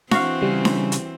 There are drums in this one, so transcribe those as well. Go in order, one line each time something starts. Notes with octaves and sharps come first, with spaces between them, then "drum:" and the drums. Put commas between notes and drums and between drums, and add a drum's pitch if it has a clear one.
E3 C4 F#4 F5, drum: snare D4
C#3 G3
drum: snare D4
drum: hi-hat